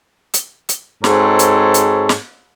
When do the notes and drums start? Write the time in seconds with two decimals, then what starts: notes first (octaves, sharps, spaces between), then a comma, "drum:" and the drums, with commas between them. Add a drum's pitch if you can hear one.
0.34 drum: hi-hat
0.69 drum: hi-hat
1.04 G#2 G#3 C4 F#4 A4 C#5, drum: snare
1.39 drum: hi-hat
1.74 drum: hi-hat
2.09 drum: snare